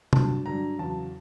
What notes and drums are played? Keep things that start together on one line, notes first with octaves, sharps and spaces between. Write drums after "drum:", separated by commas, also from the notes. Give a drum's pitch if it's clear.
G2 D3 F#3 A5, drum: tom C3
G2 D3 F#3 A#5
E2 C#3 F#3 A5